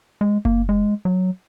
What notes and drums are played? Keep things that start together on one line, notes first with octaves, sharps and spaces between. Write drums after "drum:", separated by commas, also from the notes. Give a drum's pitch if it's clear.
G#3
A#3, drum: kick F#1
G#3
F#3